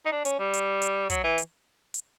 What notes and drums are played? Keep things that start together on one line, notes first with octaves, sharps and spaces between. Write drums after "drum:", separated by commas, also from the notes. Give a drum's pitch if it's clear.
D#4
D4
C#4, drum: hi-hat
G3
drum: hi-hat
drum: hi-hat
F#3, drum: kick, hi-hat
E3
drum: hi-hat
drum: hi-hat